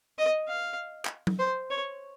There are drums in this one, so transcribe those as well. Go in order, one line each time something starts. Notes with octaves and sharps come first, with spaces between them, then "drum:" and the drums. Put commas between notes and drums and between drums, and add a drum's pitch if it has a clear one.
D#5
F5
drum: clap
drum: tom F#3
C5
C#5